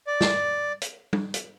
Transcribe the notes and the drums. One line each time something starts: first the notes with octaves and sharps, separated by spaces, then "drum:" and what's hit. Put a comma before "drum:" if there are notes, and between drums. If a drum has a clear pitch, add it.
D5
drum: snare
drum: hi-hat
drum: tom G3
drum: hi-hat